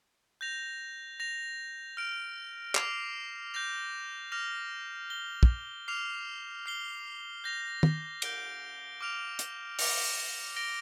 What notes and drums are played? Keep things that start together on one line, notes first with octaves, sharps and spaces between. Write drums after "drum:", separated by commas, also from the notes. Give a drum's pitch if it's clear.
G6 A#6 F7
A#6 F7
F6 D7 F7
D6 F6 C7 F7, drum: clap
G6 A#6 F7
D6 F6 A#6 F7
A#6 G7
drum: kick
D6 F6 C7 F7
F6 C7 G7
G6 A#6 F7
drum: tom
G6 D7 G7, drum: cymbal
D6 F6 D7 F7
drum: hi-hat
D6 F6 A#6 F7, drum: open hi-hat
A#6 D7 G7